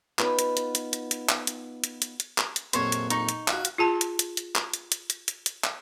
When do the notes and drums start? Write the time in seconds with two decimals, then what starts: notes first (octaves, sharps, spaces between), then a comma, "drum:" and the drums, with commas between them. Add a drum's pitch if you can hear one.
0.19 B3 D#4 F4 B4, drum: clap
0.39 drum: hi-hat
0.57 drum: hi-hat
0.75 drum: hi-hat
0.93 drum: hi-hat
1.11 drum: hi-hat
1.29 drum: clap
1.47 drum: hi-hat
1.84 drum: hi-hat
2.02 drum: hi-hat
2.20 drum: hi-hat
2.38 drum: clap
2.56 drum: hi-hat
2.73 A#1 F2 F#3 C5 C#5, drum: hi-hat
2.92 drum: hi-hat
3.10 D#4 C#6, drum: hi-hat
3.29 drum: hi-hat
3.48 F4 F#4, drum: clap
3.65 drum: hi-hat
3.78 F4 G#4 A5
4.01 drum: hi-hat
4.19 drum: hi-hat
4.37 drum: hi-hat
4.55 drum: clap
4.74 drum: hi-hat
4.92 drum: hi-hat
5.10 drum: hi-hat
5.28 drum: hi-hat
5.46 drum: hi-hat
5.64 drum: clap